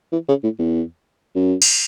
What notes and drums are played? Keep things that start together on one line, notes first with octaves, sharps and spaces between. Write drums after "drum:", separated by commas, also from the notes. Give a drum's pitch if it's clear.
E3
C#3
A2
E2
F#2
drum: cymbal